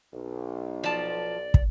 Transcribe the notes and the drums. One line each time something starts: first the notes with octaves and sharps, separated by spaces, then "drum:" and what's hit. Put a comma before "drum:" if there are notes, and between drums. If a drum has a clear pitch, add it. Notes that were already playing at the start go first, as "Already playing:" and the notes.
B1
F3 D5 A5
drum: kick